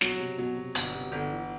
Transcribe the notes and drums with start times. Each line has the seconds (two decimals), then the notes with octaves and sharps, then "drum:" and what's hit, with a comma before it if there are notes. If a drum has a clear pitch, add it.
0.01 B2 F#3, drum: snare
0.14 B2
0.20 C3
0.38 B2 F#3
0.56 C3
0.75 G1 B2, drum: hi-hat
0.94 C3
1.12 G1 D3
1.30 E3